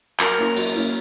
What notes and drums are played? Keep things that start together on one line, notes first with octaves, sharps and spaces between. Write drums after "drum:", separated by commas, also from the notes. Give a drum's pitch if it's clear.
F#3 A#4, drum: clap
A#3 C#4 E4
F#3, drum: open hi-hat
A#3 C#4 E4